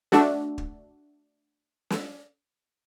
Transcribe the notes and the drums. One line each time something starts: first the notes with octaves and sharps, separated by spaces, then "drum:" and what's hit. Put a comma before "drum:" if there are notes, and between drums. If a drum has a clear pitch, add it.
A3 D4 F#4 A4, drum: snare
drum: kick
drum: snare